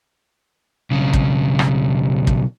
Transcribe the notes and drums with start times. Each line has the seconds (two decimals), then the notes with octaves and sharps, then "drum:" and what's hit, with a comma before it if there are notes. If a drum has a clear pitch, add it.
0.91 B1 C#3
1.13 drum: kick
1.59 drum: rim click
2.27 drum: kick